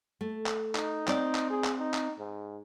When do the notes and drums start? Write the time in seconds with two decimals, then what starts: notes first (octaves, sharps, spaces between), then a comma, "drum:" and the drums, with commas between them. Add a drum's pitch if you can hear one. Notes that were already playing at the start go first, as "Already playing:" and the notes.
0.21 A3
0.46 drum: clap
0.75 D#4, drum: clap
1.08 C4 D5, drum: clap
1.35 drum: clap
1.50 G#4
1.64 drum: clap
1.79 D#4
1.94 drum: clap
2.19 G#2